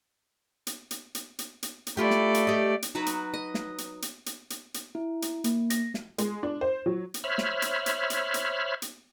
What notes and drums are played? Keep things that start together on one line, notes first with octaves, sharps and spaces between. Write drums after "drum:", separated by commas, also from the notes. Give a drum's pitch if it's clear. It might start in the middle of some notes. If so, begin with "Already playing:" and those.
drum: hi-hat
drum: hi-hat
drum: hi-hat
drum: hi-hat
drum: hi-hat
drum: hi-hat
A3 E4 F4 G4 D5
drum: snare
drum: hi-hat
G4 D#5
drum: hi-hat
F#3 D#4 F#4 B4
drum: hi-hat
D#5
drum: snare
drum: hi-hat
drum: hi-hat
drum: hi-hat
drum: hi-hat
drum: hi-hat
E4
drum: hi-hat
A#3, drum: hi-hat
A#6, drum: hi-hat
drum: snare
G#3, drum: hi-hat
D4
C5
F#3
drum: hi-hat
C5 C#5 E5 B5 F6
drum: snare
drum: hi-hat
drum: hi-hat
drum: hi-hat
drum: hi-hat
drum: hi-hat